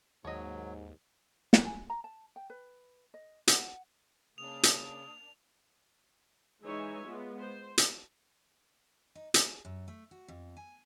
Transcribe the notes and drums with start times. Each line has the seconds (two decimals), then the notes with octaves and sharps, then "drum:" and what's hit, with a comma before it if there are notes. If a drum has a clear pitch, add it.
0.25 D#2 G#2 F#3 C#5 D#5
1.53 B4, drum: snare
1.65 G#5
1.90 A#5
2.04 A5
2.36 G5
2.50 B4
3.14 D#5
3.48 F#5, drum: hi-hat
4.38 C#3 A#3 D4 D#6 F7
4.63 drum: hi-hat
6.63 E3 G#3 D#4 C#5 E5 G#5
7.05 G#3 B3 F4
7.39 C5
7.78 drum: hi-hat
9.15 D#4
9.34 G#4, drum: hi-hat
9.65 F#2
9.88 A3
10.11 F#4
10.28 F2
10.57 G#5